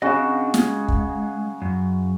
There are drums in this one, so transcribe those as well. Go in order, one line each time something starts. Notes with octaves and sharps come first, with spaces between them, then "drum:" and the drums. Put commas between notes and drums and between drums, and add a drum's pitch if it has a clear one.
C#3 C4 D4 F#4 D#5
G#3, drum: snare
drum: kick
F#2